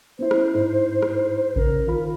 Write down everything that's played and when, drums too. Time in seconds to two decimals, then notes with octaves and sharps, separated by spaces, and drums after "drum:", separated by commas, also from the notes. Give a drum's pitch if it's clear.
0.19 B3 C#4 E4 C5
0.31 drum: rim click
0.52 G#2 D#4 E4
1.02 drum: rim click
1.56 C#3 C#4 A#4, drum: kick A1
1.87 D#3 F4 B5